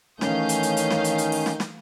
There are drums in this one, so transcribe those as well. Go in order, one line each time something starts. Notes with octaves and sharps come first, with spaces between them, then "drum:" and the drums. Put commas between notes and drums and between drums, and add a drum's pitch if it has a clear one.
D#3 E3 A3 C#4 F5 D#6 G6, drum: snare
drum: hi-hat
drum: hi-hat
drum: hi-hat
drum: snare
drum: hi-hat
drum: hi-hat
drum: open hi-hat
drum: snare
drum: snare